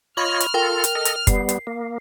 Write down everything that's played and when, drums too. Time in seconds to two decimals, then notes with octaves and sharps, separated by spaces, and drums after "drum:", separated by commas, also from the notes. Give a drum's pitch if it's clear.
0.17 F4 C#5 D#5 B5 C#6 F6 F#7
0.40 drum: hi-hat
0.54 F4 A4 A#4 G5
0.84 drum: hi-hat
0.95 A4 D#5
1.05 drum: hi-hat
1.27 G3 B3 C7, drum: kick F#1, hi-hat
1.49 drum: hi-hat
1.67 A#3